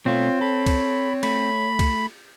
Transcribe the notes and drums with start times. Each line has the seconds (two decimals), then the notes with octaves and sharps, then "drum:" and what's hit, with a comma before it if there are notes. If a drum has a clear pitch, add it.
0.06 B2 A3 C4 F4 C#5
0.41 A4 B5
0.66 drum: kick C2, cymbal
1.23 A3 B5, drum: cymbal
1.79 drum: kick C2, cymbal